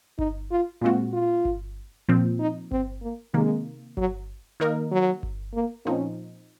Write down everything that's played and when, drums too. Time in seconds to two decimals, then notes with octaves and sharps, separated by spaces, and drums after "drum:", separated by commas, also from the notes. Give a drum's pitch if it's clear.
0.19 D#4, drum: kick G1
0.51 F4
0.82 A#2 G#3 C4 F4 F#4
1.13 F4
1.45 drum: kick G1
2.08 A#2 F3 C4
2.39 D#4
2.71 C4, drum: kick G1
3.02 A#3
3.34 C3 D#3 G#3 A#3
3.97 F#3, drum: kick G1
4.60 D#3 A#3 D#4 A#4
4.91 F#3
5.23 drum: kick G1
5.54 A#3
5.85 A#2 F3 C4 C#4 D#4